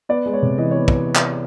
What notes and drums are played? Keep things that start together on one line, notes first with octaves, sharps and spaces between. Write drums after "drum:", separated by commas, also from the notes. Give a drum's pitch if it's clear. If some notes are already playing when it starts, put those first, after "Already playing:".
B3 D5
G#3
C#5
C3
E3 D#5
B3 C#5
drum: kick
drum: clap